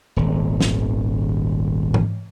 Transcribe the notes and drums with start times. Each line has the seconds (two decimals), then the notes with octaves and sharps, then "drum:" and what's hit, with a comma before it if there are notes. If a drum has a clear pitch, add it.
0.16 D#1 G#1
0.61 drum: snare
1.94 drum: tom G#2